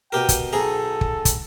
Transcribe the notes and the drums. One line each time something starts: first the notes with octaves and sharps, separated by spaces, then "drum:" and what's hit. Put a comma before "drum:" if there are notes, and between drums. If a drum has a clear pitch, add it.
B2 G4 A#4 G5
drum: kick, hi-hat
B1 G#4 A4 A#5
drum: kick
drum: kick, hi-hat